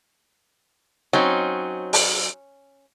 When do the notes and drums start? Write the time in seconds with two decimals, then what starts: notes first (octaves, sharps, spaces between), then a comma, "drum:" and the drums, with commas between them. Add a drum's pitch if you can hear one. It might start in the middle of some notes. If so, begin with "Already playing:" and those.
1.13 F#3 C4 C#4 D#4
1.93 drum: open hi-hat